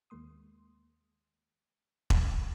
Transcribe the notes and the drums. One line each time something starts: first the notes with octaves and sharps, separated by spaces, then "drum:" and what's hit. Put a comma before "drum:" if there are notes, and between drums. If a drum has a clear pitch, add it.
D#2 D#3 G#3 A#3 C6 D#6
drum: kick E1